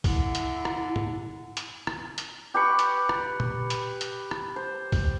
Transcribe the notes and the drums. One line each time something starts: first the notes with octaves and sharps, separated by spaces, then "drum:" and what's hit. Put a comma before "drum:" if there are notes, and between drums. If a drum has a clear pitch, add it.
D3 E4, drum: kick, open hi-hat
drum: hi-hat
drum: rim click
drum: tom
drum: hi-hat
drum: rim click
drum: hi-hat
G4 B4 C#6
drum: hi-hat
drum: rim click
drum: tom
drum: hi-hat
drum: hi-hat
drum: rim click
C5
drum: kick, open hi-hat